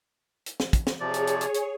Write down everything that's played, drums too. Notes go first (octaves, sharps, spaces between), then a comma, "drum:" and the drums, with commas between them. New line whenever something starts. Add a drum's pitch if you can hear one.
drum: hi-hat
drum: snare
drum: kick, hi-hat
drum: snare
C3 F3 G#4 C#5 D5
drum: hi-hat
drum: hi-hat
drum: hi-hat
drum: hi-hat